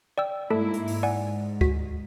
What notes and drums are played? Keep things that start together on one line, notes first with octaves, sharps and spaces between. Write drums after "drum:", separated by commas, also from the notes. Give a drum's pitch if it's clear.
D5 G5 E6
G#2 A3 A#3 E4 A4 A5
drum: hi-hat
drum: open hi-hat
G#2 D5 F#5 G#5
F#4 B6, drum: kick D2